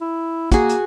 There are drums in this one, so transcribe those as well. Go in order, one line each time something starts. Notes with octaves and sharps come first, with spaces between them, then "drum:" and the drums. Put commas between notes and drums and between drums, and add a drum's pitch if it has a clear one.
E4
A#3 F#4 G#4, drum: kick, hi-hat
drum: hi-hat